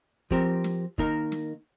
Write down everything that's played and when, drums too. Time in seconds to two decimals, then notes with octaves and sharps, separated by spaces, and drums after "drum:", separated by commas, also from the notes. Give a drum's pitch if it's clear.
0.31 F3 C4 G4 A#4, drum: kick, hi-hat
0.64 drum: snare
0.98 D#3 A#3 D#4 A#4, drum: kick, hi-hat
1.32 drum: snare